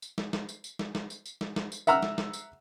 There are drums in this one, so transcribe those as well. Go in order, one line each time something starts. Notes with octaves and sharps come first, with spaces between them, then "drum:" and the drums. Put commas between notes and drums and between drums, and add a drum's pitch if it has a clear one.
drum: tambourine
drum: snare
drum: snare
drum: tambourine
drum: tambourine
drum: snare
drum: snare
drum: tambourine
drum: tambourine
drum: snare
drum: snare
drum: tambourine
E5 F#5 A#5 E6 F6, drum: tambourine
drum: snare
drum: snare
drum: tambourine